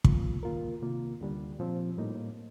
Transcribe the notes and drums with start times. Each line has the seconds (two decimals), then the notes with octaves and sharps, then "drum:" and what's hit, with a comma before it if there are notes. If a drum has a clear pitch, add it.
0.04 D#2 D#3 A#3 F4, drum: kick
0.43 D#3 A#3 F4 A#4
0.82 C3 D#3 A#3 F4
1.20 D2 D3 G3 D4
1.59 A#2 F3 C4
1.98 A2 G3 A#3 D#4